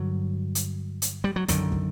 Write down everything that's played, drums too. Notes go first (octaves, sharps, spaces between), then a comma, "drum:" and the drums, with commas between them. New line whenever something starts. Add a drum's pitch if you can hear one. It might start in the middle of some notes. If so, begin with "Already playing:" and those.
Already playing: G2 D3 F#3
drum: hi-hat
drum: hi-hat
G3
F#3
F#2 D3 D#3, drum: kick, hi-hat
drum: kick